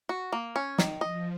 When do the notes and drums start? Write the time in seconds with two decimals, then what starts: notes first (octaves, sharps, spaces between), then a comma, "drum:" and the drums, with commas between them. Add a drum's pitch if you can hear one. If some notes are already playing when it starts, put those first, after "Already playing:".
0.09 F#4
0.32 A#3
0.56 C#4
0.78 D#3, drum: snare
1.01 F3 D#5